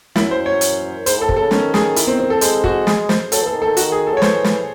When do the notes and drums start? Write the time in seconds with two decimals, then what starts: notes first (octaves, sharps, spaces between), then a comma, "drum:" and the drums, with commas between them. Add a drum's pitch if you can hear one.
0.16 F#2 E4, drum: snare
0.31 C5
0.46 C#5
0.61 drum: hi-hat
1.06 G#2 C5, drum: hi-hat
1.17 A2 A4
1.29 C3, drum: kick
1.36 A4
1.40 C#3
1.51 D#3 C#4, drum: snare
1.74 G#4, drum: snare
1.96 E4, drum: hi-hat
2.07 C4
2.19 C4
2.30 A4
2.41 G#3 C5, drum: hi-hat
2.64 F#4, drum: kick
2.87 G#4, drum: snare
3.09 C5, drum: snare
3.32 F#3 A4, drum: hi-hat
3.43 E3 A4
3.54 D#3
3.62 A4
3.66 D#3
3.77 D#3 F#4, drum: hi-hat
3.92 G#4
4.07 A4
4.13 F#3 C#5
4.22 E3 C5, drum: snare
4.44 drum: snare